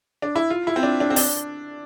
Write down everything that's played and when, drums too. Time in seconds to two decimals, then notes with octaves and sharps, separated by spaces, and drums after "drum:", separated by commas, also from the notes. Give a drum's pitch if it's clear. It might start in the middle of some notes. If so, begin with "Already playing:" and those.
0.22 D4
0.36 E4
0.50 F4
0.67 E4
0.76 C4
0.83 D4
1.00 D4
1.10 C4
1.16 D4, drum: open hi-hat